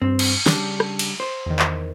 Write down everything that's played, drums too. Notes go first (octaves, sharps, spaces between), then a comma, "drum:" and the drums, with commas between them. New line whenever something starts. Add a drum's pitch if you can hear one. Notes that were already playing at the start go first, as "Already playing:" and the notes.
G2 C4
drum: cymbal
C#3 G3 D4, drum: snare
drum: rim click
drum: cymbal
C5
E2 D#3
drum: clap